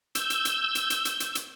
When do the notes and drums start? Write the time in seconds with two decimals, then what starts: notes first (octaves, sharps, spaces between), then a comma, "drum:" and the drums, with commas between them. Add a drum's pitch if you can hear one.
0.15 E6 G6, drum: hi-hat
0.30 drum: hi-hat
0.45 drum: hi-hat
0.75 drum: hi-hat
0.90 drum: hi-hat
1.05 drum: hi-hat
1.20 drum: hi-hat
1.35 drum: hi-hat